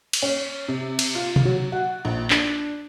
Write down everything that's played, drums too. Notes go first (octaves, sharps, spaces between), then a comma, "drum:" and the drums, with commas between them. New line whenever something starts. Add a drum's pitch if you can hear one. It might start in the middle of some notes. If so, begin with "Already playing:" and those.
drum: cymbal
C#4
C3
drum: cymbal
F4
drum: tom B2
F#3
F#4
A#1
D4, drum: clap